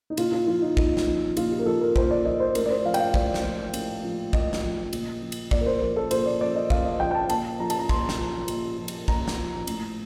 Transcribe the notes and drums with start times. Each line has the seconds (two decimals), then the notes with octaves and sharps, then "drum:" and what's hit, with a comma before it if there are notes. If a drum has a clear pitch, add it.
0.10 D#4
0.17 A#2 F4, drum: cymbal
0.32 F4
0.47 F3 F4
0.62 D#4
0.77 A#2 D#4, drum: kick
0.97 drum: snare
1.07 F3
1.37 A#2 F4, drum: cymbal
1.51 G4
1.59 A#4
1.66 F3 A4
1.81 A#4
1.96 A#2 C5, drum: kick
2.11 D5
2.25 F3 D#5
2.40 C5
2.55 A2 A#4, drum: cymbal
2.66 D5
2.70 C5
2.85 F3 F5
2.94 G5, drum: cymbal
3.00 F5
3.14 A2 D5, drum: kick
3.34 drum: snare
3.44 F3
3.74 A2, drum: cymbal
4.03 F3
4.33 A2 D#5, drum: kick
4.53 drum: snare
4.63 F3
4.93 A#2, drum: cymbal
5.22 F3
5.32 drum: cymbal
5.51 A#2 D5, drum: kick
5.61 A#4
5.66 C5
5.81 F3 A#4
5.96 A4
6.11 A#2 C5, drum: cymbal
6.26 D5
6.41 F3 D5
6.56 D#5
6.70 A#2 F5, drum: kick
6.85 D#5
7.00 F3 G5
7.11 G5
7.15 A5
7.30 A#2 A5, drum: cymbal
7.60 F3 A#5
7.70 A5, drum: cymbal
7.79 A#5
7.89 A#2 C6, drum: kick
8.09 drum: snare
8.19 F3
8.48 A#2, drum: cymbal
8.78 F3
8.88 drum: cymbal
9.08 A#2 A#5, drum: kick
9.28 drum: snare
9.38 F3
9.67 A2, drum: cymbal